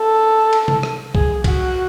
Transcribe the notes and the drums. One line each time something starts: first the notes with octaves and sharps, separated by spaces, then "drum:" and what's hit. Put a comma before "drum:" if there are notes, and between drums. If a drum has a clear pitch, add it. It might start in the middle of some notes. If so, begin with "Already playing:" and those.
Already playing: A4
drum: cymbal
drum: tom C3
drum: rim click
G#4, drum: kick C2
F#4, drum: kick C2, cymbal